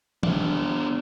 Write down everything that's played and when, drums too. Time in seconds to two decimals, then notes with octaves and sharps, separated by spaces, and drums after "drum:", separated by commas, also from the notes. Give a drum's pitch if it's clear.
0.23 B3 D4, drum: tom E3